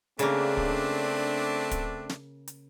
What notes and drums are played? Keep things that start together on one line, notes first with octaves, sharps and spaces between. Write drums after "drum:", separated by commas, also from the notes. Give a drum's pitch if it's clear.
C#3 A3 A#3 C4 D4, drum: hi-hat
drum: kick
drum: kick, hi-hat
drum: snare
drum: hi-hat